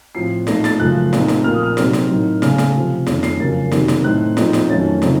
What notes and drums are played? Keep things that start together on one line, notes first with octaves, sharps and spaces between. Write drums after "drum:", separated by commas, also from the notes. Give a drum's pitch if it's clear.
A2 F3 C4 C7
A#2 A3 D#4 A#6, drum: snare
A6, drum: snare
F#2 C#3 F3 A3 F#6
A#2 A3 C4 D#4, drum: snare
drum: snare
A#2 F3 A#3 F6
D#6
F6
C3 F#3 C4 D#4, drum: snare
drum: snare
A2 F#3 A#3 D#4
C#3 A3 C#4 F6, drum: snare
drum: snare
C3 F3 C4
F2 D#3 A3 C#4, drum: snare
C7, drum: snare
F#2 C#3 F3 A#3 C#4 A6
C3 D#3 F#3, drum: snare
drum: snare
A2 A3 C4 D#4 F#6
A#2 F3 C4 D#4, drum: snare
drum: snare
F2 D#3 F#3 A3 C#4 A6
C#3 F3 C4 D#4, drum: snare